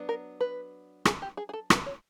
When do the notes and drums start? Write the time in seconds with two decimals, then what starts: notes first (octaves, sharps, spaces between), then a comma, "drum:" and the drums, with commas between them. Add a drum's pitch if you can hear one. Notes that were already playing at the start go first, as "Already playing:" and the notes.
Already playing: F#3 B3 D4
0.09 A#4
0.41 B4
1.05 G#4, drum: rim click
1.22 G4
1.37 G#4
1.49 G#4
1.53 A4
1.70 B4, drum: rim click
1.86 C#5